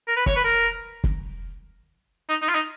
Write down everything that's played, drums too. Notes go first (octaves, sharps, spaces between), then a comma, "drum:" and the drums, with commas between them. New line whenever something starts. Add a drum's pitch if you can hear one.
A#4
B4
C#5, drum: kick
B4
A#4
drum: kick
D#4
D#4
F4
D#4